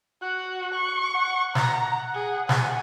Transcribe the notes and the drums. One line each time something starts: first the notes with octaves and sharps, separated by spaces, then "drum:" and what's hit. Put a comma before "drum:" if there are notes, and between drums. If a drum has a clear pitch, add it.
F#4 F#6
C#6
F#5
A#5, drum: snare
G#4
G#5, drum: snare